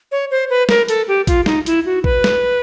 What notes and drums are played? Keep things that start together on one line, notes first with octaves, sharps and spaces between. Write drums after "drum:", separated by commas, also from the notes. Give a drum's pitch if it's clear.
C#5
C5
B4
A#4, drum: snare
A4, drum: hi-hat
G4
F4, drum: kick, hi-hat
D#4, drum: snare
E4, drum: hi-hat
F#4
B4, drum: kick
drum: snare